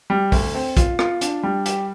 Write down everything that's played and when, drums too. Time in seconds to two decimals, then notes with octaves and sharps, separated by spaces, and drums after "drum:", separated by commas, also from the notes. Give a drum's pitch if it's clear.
0.10 G3
0.32 D2, drum: kick, open hi-hat
0.55 C4
0.77 F4, drum: kick, hi-hat
0.99 F4, drum: rim click
1.21 D4, drum: hi-hat
1.43 G3
1.66 G4, drum: hi-hat